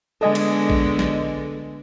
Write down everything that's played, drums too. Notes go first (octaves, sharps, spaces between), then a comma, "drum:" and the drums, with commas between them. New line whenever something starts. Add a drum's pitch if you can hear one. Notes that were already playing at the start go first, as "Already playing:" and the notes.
D3 G#3 B3 A4 D#5 G#5
drum: cymbal
drum: kick
drum: snare